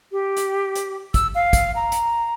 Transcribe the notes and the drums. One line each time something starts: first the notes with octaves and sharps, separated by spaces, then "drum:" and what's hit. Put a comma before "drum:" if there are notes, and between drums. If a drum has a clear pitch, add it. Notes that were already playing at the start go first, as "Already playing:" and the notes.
G4
drum: hi-hat
drum: hi-hat
E6, drum: kick, hi-hat
F5
drum: kick, hi-hat
A#5
drum: hi-hat